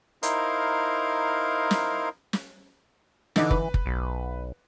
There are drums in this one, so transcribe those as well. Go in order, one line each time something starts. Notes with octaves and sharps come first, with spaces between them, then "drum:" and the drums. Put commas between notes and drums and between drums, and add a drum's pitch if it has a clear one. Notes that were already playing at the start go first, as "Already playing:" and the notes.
D#4 E4 A#4 C5 F5, drum: hi-hat
drum: snare
drum: snare
D3 E3 D#4 D6, drum: snare
B4, drum: kick
drum: kick
B1